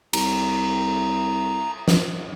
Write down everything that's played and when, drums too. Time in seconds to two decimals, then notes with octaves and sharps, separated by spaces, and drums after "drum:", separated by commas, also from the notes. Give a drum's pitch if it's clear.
0.13 C2 A#5, drum: cymbal
1.88 drum: snare